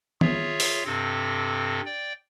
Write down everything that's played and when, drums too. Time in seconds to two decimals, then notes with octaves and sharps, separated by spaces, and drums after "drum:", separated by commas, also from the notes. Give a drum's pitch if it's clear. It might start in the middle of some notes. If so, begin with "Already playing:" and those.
0.21 F4 G#4 C#5 E5, drum: tom D#3
0.60 drum: open hi-hat
0.85 G2 C3 C4 A4 A#6
1.85 D5 G5